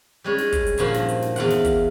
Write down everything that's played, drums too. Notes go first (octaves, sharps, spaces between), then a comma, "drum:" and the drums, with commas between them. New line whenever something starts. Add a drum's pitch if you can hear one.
G3 G#3 C#4
drum: snare
drum: kick, hi-hat
drum: hi-hat
G2 A#2 F3 F#4, drum: hi-hat
drum: snare
drum: hi-hat
drum: snare
E2 F4 F#5, drum: hi-hat
drum: snare
drum: kick, hi-hat